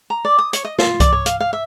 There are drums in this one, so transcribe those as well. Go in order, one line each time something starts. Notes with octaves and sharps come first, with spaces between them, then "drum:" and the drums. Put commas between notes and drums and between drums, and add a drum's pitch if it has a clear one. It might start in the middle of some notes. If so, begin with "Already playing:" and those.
A#5
D5
D#6
C#5, drum: hi-hat
D#5
F4, drum: snare
D5, drum: kick C2, hi-hat
C#5
F5, drum: hi-hat
F5
E5